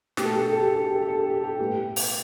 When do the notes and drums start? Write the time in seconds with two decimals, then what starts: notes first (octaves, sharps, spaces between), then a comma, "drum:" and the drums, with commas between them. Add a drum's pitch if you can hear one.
0.17 B2 A3 G4, drum: snare
0.24 A4
0.31 G4
0.38 A4
0.45 G4
0.53 A4
0.60 G4
0.67 A4
0.74 G4
0.81 A4
0.88 G4
0.95 A4
1.02 G4
1.08 A4
1.16 G4
1.23 A4
1.30 G4
1.37 A4
1.44 G4
1.59 A2 G3 B3 G4
1.96 drum: open hi-hat